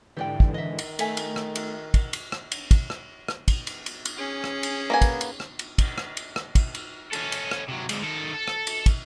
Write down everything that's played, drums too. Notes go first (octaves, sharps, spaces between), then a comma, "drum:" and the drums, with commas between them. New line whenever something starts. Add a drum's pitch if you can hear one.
G#2 D3 E3 G4 D5 G5
drum: kick
D#3 D#5 E5
drum: cymbal
A3 A4 E5 G#5, drum: cymbal
drum: cymbal
drum: rim click
drum: cymbal
drum: kick, cymbal
drum: cymbal
drum: rim click
drum: cymbal
drum: kick, cymbal
drum: rim click
drum: rim click
drum: kick, cymbal
drum: cymbal
drum: cymbal
drum: cymbal
C#4 G#4
drum: rim click
drum: cymbal
A#3 B3 G#5
drum: kick, cymbal
drum: cymbal
drum: rim click
drum: cymbal
drum: kick, cymbal
drum: rim click
drum: cymbal
drum: rim click
drum: kick, cymbal
drum: cymbal
C#4 A4, drum: cymbal
drum: cymbal
drum: rim click
C3 F#3
G#2 D3, drum: cymbal
D#3 A4
A4
drum: rim click
drum: cymbal
drum: kick, cymbal